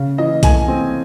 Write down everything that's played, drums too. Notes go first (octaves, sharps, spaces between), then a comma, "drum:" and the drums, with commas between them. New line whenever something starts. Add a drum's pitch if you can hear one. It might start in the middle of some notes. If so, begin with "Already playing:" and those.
Already playing: C#3
E3 D#5
A3 G#5, drum: kick B1, hi-hat
C4